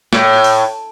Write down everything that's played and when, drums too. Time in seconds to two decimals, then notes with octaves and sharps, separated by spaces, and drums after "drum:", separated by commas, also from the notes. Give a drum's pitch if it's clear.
0.13 A2, drum: snare
0.44 drum: open hi-hat